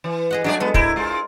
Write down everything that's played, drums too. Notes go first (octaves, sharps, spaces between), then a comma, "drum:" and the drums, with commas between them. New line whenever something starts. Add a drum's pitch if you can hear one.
E3
G#4 D#5 F#5
F#3 G3 A3 D4 G#4 D5
G#3 B3 A4
E4 A#4 C5 D5, drum: kick
G#3 F4